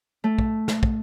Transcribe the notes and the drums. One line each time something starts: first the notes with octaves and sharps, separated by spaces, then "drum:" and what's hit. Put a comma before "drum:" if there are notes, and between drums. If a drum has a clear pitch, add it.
A3
drum: kick
drum: snare
drum: kick